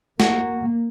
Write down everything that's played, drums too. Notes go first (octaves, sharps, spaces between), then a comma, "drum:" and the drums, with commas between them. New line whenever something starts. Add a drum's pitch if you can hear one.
A#3 F#4, drum: snare